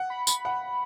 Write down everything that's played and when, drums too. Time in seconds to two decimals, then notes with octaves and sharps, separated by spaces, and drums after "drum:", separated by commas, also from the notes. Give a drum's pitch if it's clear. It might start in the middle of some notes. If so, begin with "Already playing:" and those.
Already playing: F#5
0.10 B5
0.27 B5, drum: tambourine
0.45 F#5